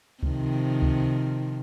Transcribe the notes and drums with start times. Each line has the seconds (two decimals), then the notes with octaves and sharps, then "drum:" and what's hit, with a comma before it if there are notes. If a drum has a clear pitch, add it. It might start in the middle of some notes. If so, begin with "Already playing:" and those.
0.23 C3 D#3 F3, drum: kick C#2
0.82 drum: kick C#2